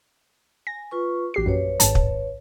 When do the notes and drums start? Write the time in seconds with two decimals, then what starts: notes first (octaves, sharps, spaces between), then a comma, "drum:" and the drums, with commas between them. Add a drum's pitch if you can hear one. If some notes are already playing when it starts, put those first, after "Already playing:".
0.67 G#5 A#6
0.91 F4 B4 C#6
1.34 A1 F#4 G4 C7
1.46 A#1 F#2 B4 C#5
1.80 G#1 G#2 A5, drum: hi-hat
1.95 drum: kick